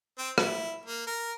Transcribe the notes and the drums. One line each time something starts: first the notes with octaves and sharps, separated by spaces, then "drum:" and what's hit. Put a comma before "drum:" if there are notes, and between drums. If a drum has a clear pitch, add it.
C4
E4, drum: rim click
A#3
A#4